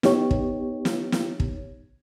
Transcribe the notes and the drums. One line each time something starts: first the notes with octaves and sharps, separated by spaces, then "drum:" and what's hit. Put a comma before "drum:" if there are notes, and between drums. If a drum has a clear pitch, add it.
B3 D#4 G4 C#5, drum: snare
drum: kick
drum: snare
drum: snare
drum: kick